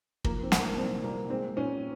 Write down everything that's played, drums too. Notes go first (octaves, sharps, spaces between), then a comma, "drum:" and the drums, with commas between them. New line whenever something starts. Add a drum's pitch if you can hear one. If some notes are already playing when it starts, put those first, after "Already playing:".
F3 A#3, drum: kick
C4
A#2, drum: snare
A#3
C2 C4
C2 A#3
G#3 C4
A#2 C#4